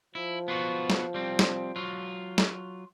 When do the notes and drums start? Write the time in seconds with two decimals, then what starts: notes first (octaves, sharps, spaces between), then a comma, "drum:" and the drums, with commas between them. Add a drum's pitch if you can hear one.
0.15 F3 E4
0.48 B3 F4 F#4
0.90 drum: snare
1.14 G3 C4
1.39 drum: snare
1.76 F#3 F4
2.38 drum: snare